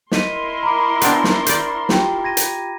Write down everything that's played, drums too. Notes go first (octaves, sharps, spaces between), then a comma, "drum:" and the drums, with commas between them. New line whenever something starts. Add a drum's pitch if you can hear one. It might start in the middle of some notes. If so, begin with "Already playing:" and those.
E4 A#4 D#5 C6 B6 D#7, drum: snare
A#5 B5 D6
B3 C4 D4 A6, drum: hi-hat
drum: snare
C5 D5, drum: hi-hat
F4 G4 G5, drum: snare
G#6 A#6 D#7
drum: hi-hat